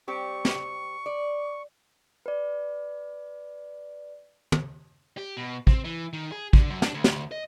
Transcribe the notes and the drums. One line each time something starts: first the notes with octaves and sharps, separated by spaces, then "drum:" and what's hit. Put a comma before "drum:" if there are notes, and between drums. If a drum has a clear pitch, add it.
G3 C4 G4 C#6
drum: snare
D5
B4 D5
drum: tom
G4
B2
C4, drum: kick
E3
D#3
G#4
D3, drum: kick
F#2
D4, drum: snare
D2
drum: snare
D#5